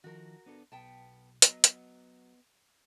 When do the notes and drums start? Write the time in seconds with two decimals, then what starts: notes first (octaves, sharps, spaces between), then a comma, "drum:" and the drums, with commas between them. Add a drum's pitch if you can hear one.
0.04 D#3 F3 F#4 A#4
0.46 B3 D4 A4
0.72 B1 B3 G5 A5
1.42 F#3 B3 D#5, drum: hi-hat
1.64 drum: hi-hat